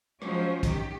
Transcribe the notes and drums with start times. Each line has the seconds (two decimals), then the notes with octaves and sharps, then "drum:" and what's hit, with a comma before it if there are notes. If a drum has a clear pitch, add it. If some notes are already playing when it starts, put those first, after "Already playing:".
0.22 F3 F#3 G#3 C#4 C5, drum: rim click
0.63 D#3 G4, drum: kick, hi-hat